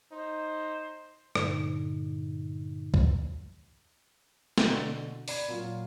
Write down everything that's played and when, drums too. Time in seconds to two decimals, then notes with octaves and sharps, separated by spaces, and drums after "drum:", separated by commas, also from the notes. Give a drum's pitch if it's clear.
0.12 D#4 C5
1.35 G2 A#2 D3 D#4, drum: rim click
2.94 drum: kick
4.58 B2 D3, drum: snare
5.28 D5 B5 G#6, drum: open hi-hat
5.48 A#2 F#3 F4